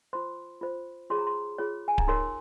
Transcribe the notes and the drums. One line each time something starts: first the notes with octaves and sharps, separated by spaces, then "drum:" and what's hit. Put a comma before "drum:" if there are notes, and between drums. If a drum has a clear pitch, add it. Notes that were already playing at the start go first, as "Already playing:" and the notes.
F4 C5 C6
F4 C5
F4 G#4 C#5 C6
A#5
C6
F4 G#4 C#5
G#5
A#5, drum: kick D1
D#4 A#4 C#5 C6